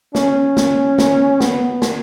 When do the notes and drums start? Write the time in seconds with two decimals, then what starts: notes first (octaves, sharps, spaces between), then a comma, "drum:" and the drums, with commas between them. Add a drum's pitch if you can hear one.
0.15 C#4, drum: snare
0.57 drum: snare
0.98 drum: snare
1.40 B3, drum: snare
1.82 drum: snare